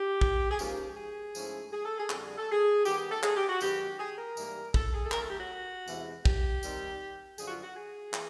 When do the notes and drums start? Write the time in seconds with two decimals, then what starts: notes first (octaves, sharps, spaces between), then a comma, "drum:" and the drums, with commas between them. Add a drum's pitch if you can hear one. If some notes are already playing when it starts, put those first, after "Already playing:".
Already playing: G4
0.21 drum: kick
0.51 G#4
0.59 G#2 F3 A#3 C#4 G4, drum: tambourine
0.97 G#4
1.35 G#2 F3 A3 C#4 E4, drum: tambourine
1.73 G#4
1.85 A4
1.98 G#4
2.10 F2 D3 G3 A4, drum: clap
2.25 G#4
2.38 A4
2.52 G#4
2.85 D#3 G3 B3 G4, drum: tambourine
2.98 G4
3.11 A4
3.23 G#4, drum: clap
3.36 G4
3.49 F#4
3.61 F#2 D#3 G#3 B3 G4, drum: tambourine
3.99 G#4
4.18 A#4
4.37 G#2 E3 G3 A#3, drum: tambourine
4.74 A4, drum: kick
4.94 G#4
5.05 A4
5.12 D#3 F#3 A3 A#4, drum: clap
5.22 A4
5.30 G4
5.40 F#4
5.88 E2 C3 E3 G#3, drum: tambourine
6.25 G4, drum: kick
6.63 D#3 G3 C4 D#4, drum: tambourine
7.38 F#2 D3 F3 G#4, drum: tambourine
7.47 F#4
7.51 F4
7.64 F#4
7.76 G#4
8.14 E3, drum: clap